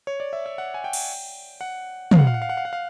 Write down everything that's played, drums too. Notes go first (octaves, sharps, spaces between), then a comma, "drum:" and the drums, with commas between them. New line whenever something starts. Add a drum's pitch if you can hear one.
C#5
D5
E5
E5
F#5
G#5
G5
drum: cymbal
F#5
F5, drum: tom
F#5
F5
F#5
F5
F#5
F5
F#5
F5